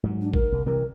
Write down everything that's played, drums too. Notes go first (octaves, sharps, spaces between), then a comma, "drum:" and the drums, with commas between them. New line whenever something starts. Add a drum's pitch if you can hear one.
G#2 F#3
D4
A#4, drum: kick
C2
C3 E3 G3 A#4